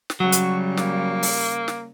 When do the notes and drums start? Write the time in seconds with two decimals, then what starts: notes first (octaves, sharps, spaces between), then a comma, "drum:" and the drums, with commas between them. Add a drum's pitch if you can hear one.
0.10 drum: snare
0.20 C#3 F#3 G3 F#4
0.32 drum: hi-hat
0.77 A#3, drum: snare
1.23 drum: open hi-hat
1.68 drum: snare